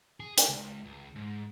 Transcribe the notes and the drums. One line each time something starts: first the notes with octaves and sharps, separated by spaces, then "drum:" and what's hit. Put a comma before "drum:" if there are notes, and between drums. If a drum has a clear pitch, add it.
G#4
G4, drum: hi-hat
C#2
C#2
G#2